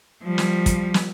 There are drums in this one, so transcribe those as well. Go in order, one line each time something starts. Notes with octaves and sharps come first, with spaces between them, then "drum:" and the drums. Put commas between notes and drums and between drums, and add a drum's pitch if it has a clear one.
F3 G3
drum: snare
drum: kick, hi-hat
drum: snare